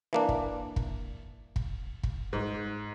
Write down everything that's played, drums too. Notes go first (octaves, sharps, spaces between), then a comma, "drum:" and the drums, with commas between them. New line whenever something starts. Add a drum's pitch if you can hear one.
E3 A#3 D4
drum: kick
drum: kick
drum: kick
drum: kick
G#2